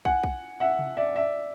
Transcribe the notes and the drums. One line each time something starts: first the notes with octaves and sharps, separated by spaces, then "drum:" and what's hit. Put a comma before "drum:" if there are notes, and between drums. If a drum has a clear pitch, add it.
F#5 G#5, drum: kick
drum: kick
E5 F#5
drum: tom C3
D5 E5
D5 E5